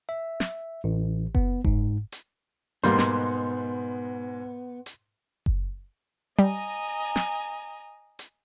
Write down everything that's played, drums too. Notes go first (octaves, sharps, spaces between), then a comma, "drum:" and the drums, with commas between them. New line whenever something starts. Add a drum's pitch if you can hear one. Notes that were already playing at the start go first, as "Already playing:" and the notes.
E5
drum: snare
A1
B3, drum: kick F#1
G#2, drum: kick F#1
drum: hi-hat
G#2 B2 G3 A#3 B3 C6, drum: hi-hat
drum: snare
drum: hi-hat
drum: kick F#1
G3 D#5 G#5 A#5
drum: snare
drum: hi-hat